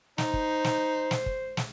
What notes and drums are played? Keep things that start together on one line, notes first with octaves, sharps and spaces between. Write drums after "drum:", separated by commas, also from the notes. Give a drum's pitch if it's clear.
D#4 C5, drum: snare
drum: kick
drum: snare
drum: snare
drum: kick
drum: snare